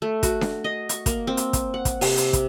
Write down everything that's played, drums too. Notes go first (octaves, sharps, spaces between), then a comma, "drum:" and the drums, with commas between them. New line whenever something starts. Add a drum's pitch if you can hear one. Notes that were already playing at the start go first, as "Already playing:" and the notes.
A3
F#4, drum: kick, hi-hat
drum: snare D4
D#5
C#6, drum: hi-hat
A#3, drum: kick, hi-hat
C4
drum: hi-hat
drum: kick, hi-hat
F#5
drum: kick, hi-hat
C3, drum: open hi-hat
drum: hi-hat
drum: kick, hi-hat